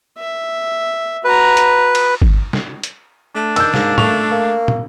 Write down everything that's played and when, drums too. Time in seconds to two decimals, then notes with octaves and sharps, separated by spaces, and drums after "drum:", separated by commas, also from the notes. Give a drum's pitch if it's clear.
0.18 E5
1.25 F#4 B4 A#5
1.57 drum: hi-hat
1.95 drum: cymbal
2.22 drum: kick G#1
2.53 drum: snare
2.83 drum: hi-hat
3.35 A3 D4
3.56 D#3 E6 G6, drum: cymbal
3.74 G#2 A#3, drum: snare
3.98 A3 C#6 F7, drum: tom
4.31 A#3
4.68 drum: tom